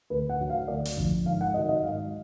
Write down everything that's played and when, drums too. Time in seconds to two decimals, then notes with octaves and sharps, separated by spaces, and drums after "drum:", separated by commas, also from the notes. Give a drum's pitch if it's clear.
0.10 D2 B4
0.29 F#5
0.40 D3 F#3
0.50 F5
0.68 D2 D5
0.85 drum: hi-hat
0.97 D3 F3, drum: kick A1
1.26 G#2 F5
1.41 F#5
1.54 D#3 F#3 D#5
1.69 D#5
1.83 G#2 F5